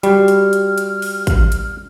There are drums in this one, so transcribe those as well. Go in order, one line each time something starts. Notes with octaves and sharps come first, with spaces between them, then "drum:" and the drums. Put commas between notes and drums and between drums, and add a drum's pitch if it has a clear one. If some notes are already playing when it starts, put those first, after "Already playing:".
G3 F#4 G4 F6, drum: hi-hat
drum: hi-hat
drum: hi-hat
drum: hi-hat
drum: open hi-hat
drum: kick, hi-hat
drum: hi-hat